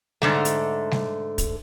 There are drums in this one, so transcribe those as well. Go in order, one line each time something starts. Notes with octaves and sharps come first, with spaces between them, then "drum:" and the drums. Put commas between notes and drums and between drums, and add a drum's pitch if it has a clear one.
G#2 D3 A3, drum: snare G3
drum: hi-hat
drum: snare G3
drum: kick, hi-hat